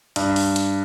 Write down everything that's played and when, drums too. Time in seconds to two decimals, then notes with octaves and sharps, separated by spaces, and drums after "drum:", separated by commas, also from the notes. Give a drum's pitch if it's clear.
0.16 G2 D4, drum: hi-hat
0.36 drum: open hi-hat
0.56 drum: hi-hat